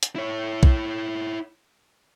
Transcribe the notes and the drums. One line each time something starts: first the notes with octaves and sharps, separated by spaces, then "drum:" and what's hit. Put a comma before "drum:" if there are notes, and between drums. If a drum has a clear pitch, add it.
drum: hi-hat
E4 C#5
drum: kick